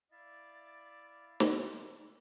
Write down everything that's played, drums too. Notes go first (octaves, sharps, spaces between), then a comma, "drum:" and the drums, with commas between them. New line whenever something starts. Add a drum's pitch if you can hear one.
E4 D5 E5 F5 A6
drum: snare